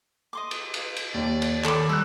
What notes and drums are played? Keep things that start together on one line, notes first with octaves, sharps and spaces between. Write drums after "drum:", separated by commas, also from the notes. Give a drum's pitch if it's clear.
D#5 C6 D6
drum: cymbal
drum: cymbal
drum: cymbal
D#2 D5
drum: cymbal
D#3 A4 C#5 B5 D6 E7, drum: clap
G3 A#5 E6 F#6